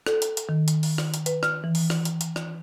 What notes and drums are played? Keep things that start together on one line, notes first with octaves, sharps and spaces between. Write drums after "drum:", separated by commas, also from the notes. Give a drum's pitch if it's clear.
A4, drum: rim click
drum: hi-hat
drum: hi-hat
D#3
drum: hi-hat
drum: open hi-hat
drum: rim click
drum: hi-hat
B4, drum: hi-hat
F6, drum: rim click
E3
drum: open hi-hat
drum: rim click
drum: hi-hat
drum: hi-hat
drum: rim click